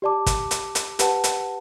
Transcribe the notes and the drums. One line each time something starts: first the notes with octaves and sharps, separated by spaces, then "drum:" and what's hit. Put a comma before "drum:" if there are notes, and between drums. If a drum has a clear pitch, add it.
G4 D5 A5 D6
drum: kick, hi-hat
drum: hi-hat
drum: hi-hat
G4 B4 F#5 A5, drum: hi-hat
drum: hi-hat